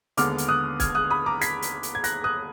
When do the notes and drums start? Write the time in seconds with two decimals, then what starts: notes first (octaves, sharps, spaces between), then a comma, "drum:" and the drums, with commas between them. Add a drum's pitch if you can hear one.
0.17 D#2 D3 G#3 B3 D6 F6, drum: hi-hat
0.38 drum: hi-hat
0.49 D#6 F#6
0.80 F6 G#6, drum: kick, hi-hat
0.95 D#6 F#6
1.11 B5 D#6
1.26 A#5 D6
1.41 G#6 B6, drum: hi-hat
1.62 drum: hi-hat
1.83 drum: hi-hat
1.95 G#6
2.04 F#6 A#6, drum: hi-hat
2.24 D#6 F#6